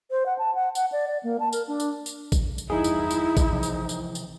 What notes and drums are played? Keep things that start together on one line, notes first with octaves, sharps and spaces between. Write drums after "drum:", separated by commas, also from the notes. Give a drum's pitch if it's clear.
C5
F#5
A5
F#5
F#5, drum: tambourine
D5
D5
A#3
A5
A#4, drum: tambourine
D4
drum: tambourine
drum: tambourine
drum: kick A1, tambourine
drum: tambourine
F1 E2 G2 D#4 E4 G#4
drum: tambourine
drum: tambourine
drum: kick A1, tambourine
C3 E3 F3
drum: tambourine
drum: tambourine
drum: tambourine